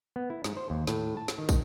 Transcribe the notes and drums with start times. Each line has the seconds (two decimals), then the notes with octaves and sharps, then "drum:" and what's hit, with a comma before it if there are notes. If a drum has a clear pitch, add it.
0.16 B3
0.30 E4
0.44 G#2, drum: snare
0.57 C5
0.70 D#2
0.87 A2, drum: snare
1.17 A5
1.28 drum: snare
1.38 D#3
1.49 drum: kick, tambourine